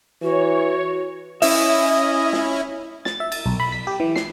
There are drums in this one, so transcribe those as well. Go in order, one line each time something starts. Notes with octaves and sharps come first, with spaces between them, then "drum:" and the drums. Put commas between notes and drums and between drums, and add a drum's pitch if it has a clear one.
E3 F#4 C#5
C#4 E4 D#5 E5, drum: open hi-hat
drum: snare
A6, drum: snare
E5
A6, drum: cymbal
B1
B5
B6
G4
E3
C7, drum: snare